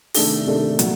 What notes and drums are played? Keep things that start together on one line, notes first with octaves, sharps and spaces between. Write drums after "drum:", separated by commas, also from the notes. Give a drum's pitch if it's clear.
C3 D#3 A3 D4 A4, drum: open hi-hat
C3 D#3 A3 D4 A4
A#2 F#3, drum: hi-hat